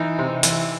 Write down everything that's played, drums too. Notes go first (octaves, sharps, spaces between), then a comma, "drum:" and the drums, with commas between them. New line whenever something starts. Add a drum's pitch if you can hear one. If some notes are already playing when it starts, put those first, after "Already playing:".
Already playing: E3 D#4
C3
E3, drum: hi-hat